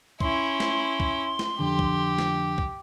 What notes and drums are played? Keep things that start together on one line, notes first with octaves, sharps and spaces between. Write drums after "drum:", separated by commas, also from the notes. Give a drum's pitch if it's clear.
C#4 E4 C6, drum: kick
drum: snare
drum: kick
drum: snare
F2 D3 G4
drum: kick
drum: snare
drum: kick